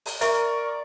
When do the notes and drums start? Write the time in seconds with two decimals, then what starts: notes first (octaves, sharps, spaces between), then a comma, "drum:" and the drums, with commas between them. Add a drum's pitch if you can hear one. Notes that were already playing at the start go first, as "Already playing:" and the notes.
0.06 drum: open hi-hat
0.21 A#4 D5 E5 C#6, drum: hi-hat